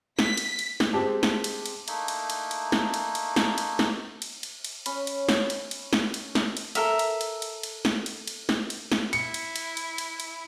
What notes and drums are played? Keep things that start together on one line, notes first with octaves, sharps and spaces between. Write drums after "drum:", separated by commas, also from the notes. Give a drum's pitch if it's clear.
B6, drum: snare
drum: cymbal
drum: cymbal
drum: snare
G#3 C4 G4 A5
drum: snare
drum: cymbal
drum: cymbal
A3 A#3 D#4 E4, drum: cymbal
drum: cymbal
drum: cymbal
drum: cymbal
drum: snare
drum: cymbal
drum: cymbal
drum: snare
drum: cymbal
drum: snare
drum: cymbal
drum: cymbal
drum: cymbal
C#4 B5, drum: cymbal
drum: cymbal
drum: snare
drum: cymbal
drum: cymbal
drum: snare
drum: cymbal
drum: snare
drum: cymbal
A4 A#4 E5, drum: cymbal
drum: cymbal
drum: cymbal
drum: cymbal
drum: cymbal
drum: snare
drum: cymbal
drum: cymbal
drum: snare
drum: cymbal
drum: snare
E4 C#7, drum: cymbal
drum: cymbal
drum: cymbal
drum: cymbal
drum: cymbal
drum: cymbal